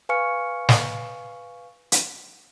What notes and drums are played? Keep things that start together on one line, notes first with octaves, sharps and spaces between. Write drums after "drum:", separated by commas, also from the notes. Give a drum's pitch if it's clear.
B4 F5 G#5 C#6 F6 C#7
drum: snare
drum: hi-hat